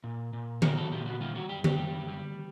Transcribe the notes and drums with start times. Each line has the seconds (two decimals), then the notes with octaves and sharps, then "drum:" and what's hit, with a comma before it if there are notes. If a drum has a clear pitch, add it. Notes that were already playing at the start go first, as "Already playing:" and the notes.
0.04 A#2
0.33 A#2
0.62 F#3 A#4, drum: tom D3
0.77 A4
0.91 A#2 G4
1.06 F#4
1.20 G3 F4
1.35 F#4
1.49 F#2 G4
1.64 G4, drum: tom D3
1.79 G3
2.08 G3